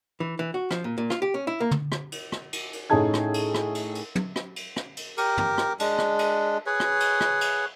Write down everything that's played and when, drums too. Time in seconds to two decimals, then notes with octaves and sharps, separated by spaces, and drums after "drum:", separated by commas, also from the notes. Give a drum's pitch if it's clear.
0.20 E3
0.39 E3
0.54 F#4
0.71 F3, drum: rim click
0.84 A#2
0.98 A#2
1.10 F4, drum: rim click
1.22 G4
1.34 C#4
1.47 E4
1.60 A#3
1.71 drum: tom
1.92 drum: rim click
2.12 drum: cymbal
2.32 drum: rim click
2.53 drum: cymbal
2.73 drum: cymbal
2.90 A2 C#4 D#4 G#4 A5 G#6
3.14 drum: rim click
3.34 drum: cymbal
3.54 drum: rim click
3.75 drum: cymbal
3.95 drum: cymbal
4.15 drum: tom
4.36 drum: rim click
4.56 drum: cymbal
4.76 drum: rim click
4.97 drum: cymbal
5.17 G4 A#4, drum: cymbal
5.37 drum: tom
5.58 drum: rim click
5.80 G#3 D4, drum: cymbal
5.99 drum: rim click
6.19 drum: cymbal
6.66 G#4 B4 C#5
6.80 drum: rim click
7.00 drum: cymbal
7.21 drum: rim click
7.41 drum: cymbal